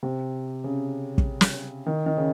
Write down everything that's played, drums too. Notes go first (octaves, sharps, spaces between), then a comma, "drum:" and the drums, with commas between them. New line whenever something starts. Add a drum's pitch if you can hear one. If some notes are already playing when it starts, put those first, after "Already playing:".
C3
C#3
drum: kick
drum: snare
D#3
D#3
C#3